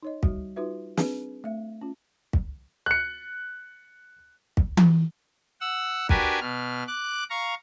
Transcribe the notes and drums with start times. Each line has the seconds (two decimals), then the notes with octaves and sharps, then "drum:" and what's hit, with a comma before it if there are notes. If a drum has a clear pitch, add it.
0.03 D#4 C#5 D#5
0.23 G3 F#4, drum: kick
0.56 D#4 F4 F#4 B4 E5
0.97 C4 D4 G#4 B4, drum: snare
1.44 A3 E5
1.81 C#4 F4
2.33 drum: kick
2.86 F#6 C#7
4.57 drum: kick
4.77 drum: tom E3
5.61 F#5 E6
6.09 D4 F#4 G4 A#4 B4 G#5, drum: kick
6.41 B2 F6
6.88 D6 F#6
7.30 F5 A#5 C#6